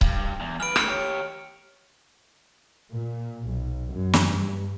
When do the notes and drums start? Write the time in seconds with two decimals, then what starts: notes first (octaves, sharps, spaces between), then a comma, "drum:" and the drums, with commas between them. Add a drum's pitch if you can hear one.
0.01 G2, drum: kick C#1
0.40 E2
0.60 F#2 B4 F6 D7
0.76 C#3 A3 F6 C#7, drum: rim click
0.88 G4 C#5
2.92 A#2
3.45 B1
3.94 F#2
4.13 drum: snare
4.31 G2